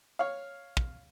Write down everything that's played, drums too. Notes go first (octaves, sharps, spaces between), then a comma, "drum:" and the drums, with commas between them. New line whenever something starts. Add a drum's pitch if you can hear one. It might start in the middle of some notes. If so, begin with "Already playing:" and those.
C#5 F5
drum: kick